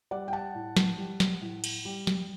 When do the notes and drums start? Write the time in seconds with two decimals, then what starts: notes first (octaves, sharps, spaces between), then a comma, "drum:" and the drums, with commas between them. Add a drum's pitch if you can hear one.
0.11 G3 D5 F#5
0.28 G5
0.33 F#5 A5
0.55 A2
0.77 drum: snare
0.98 G3
1.20 drum: snare
1.41 A2
1.64 drum: cymbal
1.85 G3
2.07 drum: snare